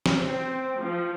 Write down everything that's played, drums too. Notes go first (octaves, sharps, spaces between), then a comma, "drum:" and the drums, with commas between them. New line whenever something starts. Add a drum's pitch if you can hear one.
drum: snare
C4
F3